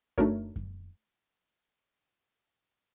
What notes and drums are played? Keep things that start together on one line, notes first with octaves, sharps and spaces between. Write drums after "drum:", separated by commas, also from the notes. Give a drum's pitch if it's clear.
A3 D4 D#4 F#4 A#4 C#5, drum: kick F#2
drum: kick F#2